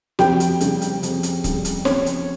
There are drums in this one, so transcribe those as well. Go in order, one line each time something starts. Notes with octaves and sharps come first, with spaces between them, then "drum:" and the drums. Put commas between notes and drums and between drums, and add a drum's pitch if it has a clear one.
F2 G4 G5, drum: snare
drum: hi-hat
C#3 G3, drum: hi-hat
drum: hi-hat
F2, drum: hi-hat
drum: hi-hat
C#3 G3, drum: kick C#1, hi-hat
drum: hi-hat
F2 C#4 C#5, drum: snare
drum: hi-hat